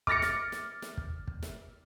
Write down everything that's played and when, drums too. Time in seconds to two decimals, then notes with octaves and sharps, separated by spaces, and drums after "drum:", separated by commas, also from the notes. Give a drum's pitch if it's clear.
0.07 D6 F6 A6 A#6 C#7, drum: kick
0.22 drum: snare
0.52 drum: snare
0.82 drum: snare
0.97 drum: kick
1.27 drum: kick
1.43 drum: snare